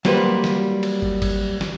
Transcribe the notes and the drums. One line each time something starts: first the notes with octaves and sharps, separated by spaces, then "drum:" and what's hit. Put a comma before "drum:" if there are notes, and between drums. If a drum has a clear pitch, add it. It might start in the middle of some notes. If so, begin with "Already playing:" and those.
F#3 G3 A#3 B4 C5, drum: snare
drum: snare
drum: cymbal
drum: kick
drum: kick, cymbal
drum: snare